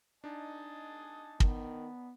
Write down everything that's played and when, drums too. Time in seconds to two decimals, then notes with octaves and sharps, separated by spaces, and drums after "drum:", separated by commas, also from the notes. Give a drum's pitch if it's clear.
0.24 D4 D#4 D#5 G#5 A5
1.40 D#3 B3, drum: kick